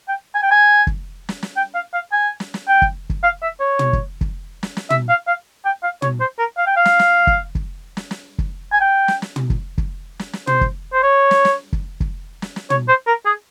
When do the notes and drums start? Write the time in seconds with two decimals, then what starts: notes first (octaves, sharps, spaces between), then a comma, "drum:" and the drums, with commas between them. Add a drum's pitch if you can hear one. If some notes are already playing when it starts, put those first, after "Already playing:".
0.08 G5
0.35 G#5
0.43 G5
0.51 G#5
0.87 drum: kick
1.29 drum: snare
1.43 drum: snare
1.56 G5
1.75 F5
1.94 F5
2.12 G#5
2.40 drum: snare
2.54 drum: snare
2.68 G5
2.82 drum: kick
3.10 drum: kick
3.23 F5
3.42 E5
3.60 C#5
3.79 drum: tom
3.93 drum: kick
4.21 drum: kick
4.63 drum: snare
4.77 drum: snare
4.90 E5, drum: tom
5.09 F5
5.27 F5
5.65 G5
5.83 F5
6.02 C#5, drum: tom
6.21 C5
6.39 A#4
6.58 F5
6.67 G5
6.76 F5
6.85 drum: snare
6.99 drum: snare
7.27 drum: kick
7.55 drum: kick
7.97 drum: snare
8.11 drum: snare
8.38 drum: kick
8.72 G#5
8.81 G5
9.08 drum: snare
9.22 drum: snare
9.36 drum: tom
9.50 drum: kick
9.78 drum: kick
10.19 drum: snare
10.33 drum: snare
10.47 C5, drum: tom
10.61 drum: kick
10.93 C5
11.03 C#5
11.31 drum: snare
11.45 drum: snare
11.73 drum: kick
12.00 drum: kick
12.42 drum: snare
12.56 drum: snare
12.70 C#5, drum: tom
12.89 C5
13.07 A#4
13.26 G#4